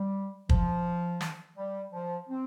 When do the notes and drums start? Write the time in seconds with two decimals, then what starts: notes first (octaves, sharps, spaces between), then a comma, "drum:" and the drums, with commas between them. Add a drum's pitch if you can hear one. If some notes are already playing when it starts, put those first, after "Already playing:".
Already playing: G3
0.49 F3, drum: kick
1.21 drum: snare
1.56 G3
1.92 F3
2.28 C4